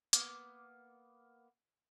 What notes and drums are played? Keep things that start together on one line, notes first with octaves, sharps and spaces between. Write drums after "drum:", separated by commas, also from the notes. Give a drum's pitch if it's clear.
A#3 B3 D6, drum: hi-hat